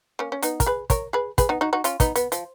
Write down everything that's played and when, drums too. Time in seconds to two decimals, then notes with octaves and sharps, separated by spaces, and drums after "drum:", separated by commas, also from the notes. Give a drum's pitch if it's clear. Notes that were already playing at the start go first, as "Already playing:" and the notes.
0.19 A#3 C#4
0.32 C#4
0.42 B3 D#4, drum: hi-hat
0.60 A#4, drum: kick, hi-hat
0.66 G#4 B4
0.90 A#4 C#5, drum: kick, hi-hat
1.13 G#4 B4
1.38 G#4 B4, drum: kick, hi-hat
1.49 B3 D#4
1.61 D#4 F#4
1.73 D#4 F#4
1.84 C#4 F4, drum: hi-hat
2.00 B3 D#4, drum: kick, hi-hat
2.16 B3, drum: hi-hat
2.32 F3, drum: hi-hat